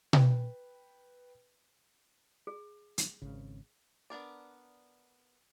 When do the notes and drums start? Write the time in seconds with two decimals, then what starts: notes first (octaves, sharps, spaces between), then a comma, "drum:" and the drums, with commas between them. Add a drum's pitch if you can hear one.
0.13 B4 G5, drum: tom B2
2.47 G#4
2.98 drum: hi-hat
3.22 G#1 C#3
4.10 B3 D4 A#4 D5